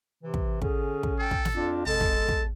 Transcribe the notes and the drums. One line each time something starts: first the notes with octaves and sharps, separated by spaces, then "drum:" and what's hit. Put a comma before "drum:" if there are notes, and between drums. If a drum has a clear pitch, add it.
C3 E3
drum: kick
D3 C#4 G#4, drum: kick
drum: kick
A4 G5
drum: kick
drum: snare
F2 D4 F4
G#3 A4 A5, drum: tom
drum: kick
E2
drum: kick